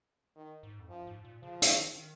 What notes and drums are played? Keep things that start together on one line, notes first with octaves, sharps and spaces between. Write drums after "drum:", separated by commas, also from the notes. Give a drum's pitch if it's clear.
D#3
G#2
F2
F#2 F3
G#2
A#2
C#3 F3
C#3, drum: hi-hat
D#3
D#3